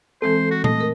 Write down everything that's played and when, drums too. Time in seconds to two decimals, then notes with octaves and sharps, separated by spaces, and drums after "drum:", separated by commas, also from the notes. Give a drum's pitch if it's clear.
0.22 E3 G#3 C4 A4 C5
0.51 F#4
0.64 A3 D#5, drum: tom A#2
0.81 A#4